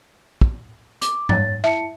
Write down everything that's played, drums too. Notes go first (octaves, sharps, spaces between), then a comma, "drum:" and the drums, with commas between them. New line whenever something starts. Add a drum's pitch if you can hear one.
drum: kick
D6, drum: hi-hat
C#5 A6, drum: tom
E4 E5 A5 C#7